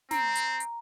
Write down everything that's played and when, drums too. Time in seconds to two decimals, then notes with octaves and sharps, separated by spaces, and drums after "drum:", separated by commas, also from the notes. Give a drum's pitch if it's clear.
0.11 C4 A#5, drum: snare
0.35 drum: hi-hat
0.60 drum: hi-hat